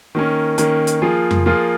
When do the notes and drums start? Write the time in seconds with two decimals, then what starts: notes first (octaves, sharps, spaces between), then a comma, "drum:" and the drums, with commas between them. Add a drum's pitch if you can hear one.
0.15 D#3 A#3 C#4
0.58 D#3 A#3 C#4, drum: hi-hat
0.87 drum: hi-hat
1.02 F3 A#3 F4 G#4
1.31 drum: tom F2
1.46 F3 A#3 F4 G#4